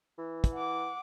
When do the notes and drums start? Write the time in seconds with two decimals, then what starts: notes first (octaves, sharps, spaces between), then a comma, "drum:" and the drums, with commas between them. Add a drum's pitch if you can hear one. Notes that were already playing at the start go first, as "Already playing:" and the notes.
0.18 E3
0.44 drum: kick, hi-hat
0.53 F#5 D6